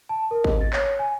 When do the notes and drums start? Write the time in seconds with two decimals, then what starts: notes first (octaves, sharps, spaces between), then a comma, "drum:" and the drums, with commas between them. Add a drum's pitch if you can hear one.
0.09 A5
0.31 A#4
0.44 D#5, drum: kick G#1
0.61 A6
0.73 C#5, drum: clap
0.99 G#5